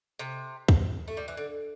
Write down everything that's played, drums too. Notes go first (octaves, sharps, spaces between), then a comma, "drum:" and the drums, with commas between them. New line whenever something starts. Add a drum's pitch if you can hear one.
C3
drum: kick
A3
G3
E3
D3